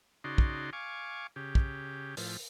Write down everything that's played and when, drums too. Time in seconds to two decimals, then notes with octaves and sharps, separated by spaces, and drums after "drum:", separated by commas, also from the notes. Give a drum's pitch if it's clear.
0.24 C#3 D#4 F#4 D5 C6
0.38 drum: kick
0.73 F5 G#5 C#6 D6
1.36 C#3 G4
1.55 drum: kick
2.17 A2 F3, drum: open hi-hat